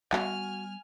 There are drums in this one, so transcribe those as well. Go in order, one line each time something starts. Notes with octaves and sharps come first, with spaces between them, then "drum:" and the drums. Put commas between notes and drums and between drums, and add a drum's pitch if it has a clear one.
G3 B3 F#4 G#5 F6, drum: clap